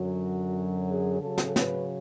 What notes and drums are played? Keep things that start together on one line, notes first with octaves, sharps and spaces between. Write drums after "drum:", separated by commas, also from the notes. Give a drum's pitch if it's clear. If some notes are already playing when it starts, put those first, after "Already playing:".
Already playing: F#2 D3 F#3 F#4
G#4
C#3 F#3 C#4 A4
drum: snare
B4, drum: snare